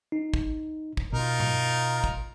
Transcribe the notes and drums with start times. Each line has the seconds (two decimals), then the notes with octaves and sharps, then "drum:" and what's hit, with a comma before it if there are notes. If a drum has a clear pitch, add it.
0.12 D#4
0.34 drum: kick
0.97 drum: kick
1.13 B2 D#4 F4 A#4
1.40 drum: tom G2
2.04 drum: kick